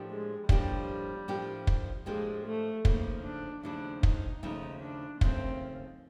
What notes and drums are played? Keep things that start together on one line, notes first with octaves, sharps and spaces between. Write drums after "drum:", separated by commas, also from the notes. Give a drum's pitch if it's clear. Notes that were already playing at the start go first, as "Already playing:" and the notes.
Already playing: A2 F3 A#3 D4 G4
G#3
A2 F3 G3 A#3 D4 G4, drum: kick
A2 F3 A#3 D4 G4
drum: kick
A2 F3 G#3 A#3 D4 G4
A3
D#2 C#3 F3 A3 A#3, drum: kick
D4
D#2 C#3 F3 A3 D4
D#4, drum: kick
D#2 C#3 F3 A3 D#4
D4
D#2 C#3 F3 A3 C4, drum: kick